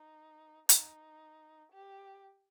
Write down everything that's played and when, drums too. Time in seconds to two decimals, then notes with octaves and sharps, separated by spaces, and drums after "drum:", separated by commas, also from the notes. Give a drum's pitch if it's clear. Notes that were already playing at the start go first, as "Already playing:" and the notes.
Already playing: D#4
0.69 D#4, drum: hi-hat
1.72 G4